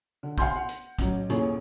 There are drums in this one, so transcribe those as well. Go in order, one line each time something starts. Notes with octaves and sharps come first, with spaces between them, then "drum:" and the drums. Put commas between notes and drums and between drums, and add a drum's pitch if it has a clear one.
D3
F5 F#5 G#5 B5 C6 G6, drum: kick
F#5
drum: hi-hat
A1 F#3, drum: kick, hi-hat
D#1 D#2 E3 G#4 C#5, drum: hi-hat